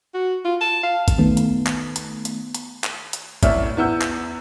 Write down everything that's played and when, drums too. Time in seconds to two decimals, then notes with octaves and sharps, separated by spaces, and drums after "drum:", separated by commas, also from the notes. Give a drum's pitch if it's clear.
0.14 F#4
0.44 F4
0.61 A5
0.83 F5
1.08 drum: kick, hi-hat
1.18 D#3 A3 B3
1.37 drum: hi-hat
1.66 drum: clap
1.96 drum: hi-hat
2.25 drum: hi-hat
2.55 drum: hi-hat
2.84 drum: clap
3.13 drum: hi-hat
3.43 A1 A2 D5 E5 F6, drum: kick, hi-hat
3.77 E2 E4 F#5 E6 G6
4.01 drum: clap